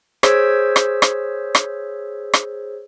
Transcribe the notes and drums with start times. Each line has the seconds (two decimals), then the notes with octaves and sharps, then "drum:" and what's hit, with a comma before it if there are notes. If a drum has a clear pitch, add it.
0.23 G#4 C5 C#5 E6 G#6 B6, drum: rim click
0.76 drum: rim click
1.02 drum: rim click
1.55 drum: rim click
2.34 drum: rim click